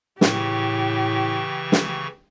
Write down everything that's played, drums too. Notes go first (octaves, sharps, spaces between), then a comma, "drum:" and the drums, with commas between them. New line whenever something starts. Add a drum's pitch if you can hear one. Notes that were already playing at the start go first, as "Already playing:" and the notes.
A2 C#3 E3 G4 C#6, drum: snare
drum: snare